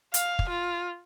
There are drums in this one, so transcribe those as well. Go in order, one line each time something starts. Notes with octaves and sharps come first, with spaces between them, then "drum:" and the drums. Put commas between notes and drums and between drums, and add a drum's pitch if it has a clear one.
F5, drum: hi-hat
drum: kick
F4